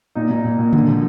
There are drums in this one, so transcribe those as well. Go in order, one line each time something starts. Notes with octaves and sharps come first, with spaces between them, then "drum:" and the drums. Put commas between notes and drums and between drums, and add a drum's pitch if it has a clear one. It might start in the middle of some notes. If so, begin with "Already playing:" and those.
A#2 D#4
A#2
A#2
A#2
D3, drum: tom C#3
F3